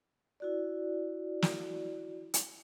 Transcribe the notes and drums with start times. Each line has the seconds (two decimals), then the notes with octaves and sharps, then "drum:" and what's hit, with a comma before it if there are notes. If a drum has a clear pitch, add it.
0.40 E4 F#4 D5
1.42 drum: snare
2.34 drum: hi-hat